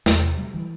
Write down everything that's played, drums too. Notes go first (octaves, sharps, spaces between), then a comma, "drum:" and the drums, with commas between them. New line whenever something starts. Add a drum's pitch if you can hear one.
E2, drum: snare
C3
G3
E3